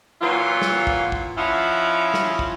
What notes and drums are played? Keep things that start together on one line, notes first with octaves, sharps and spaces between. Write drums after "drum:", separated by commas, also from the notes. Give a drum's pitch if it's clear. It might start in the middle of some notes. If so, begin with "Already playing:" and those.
A#2 E3 F#3 F4
drum: snare
drum: kick
drum: kick
F3 C#4 E4 F4 D#5 F#5
drum: snare
drum: kick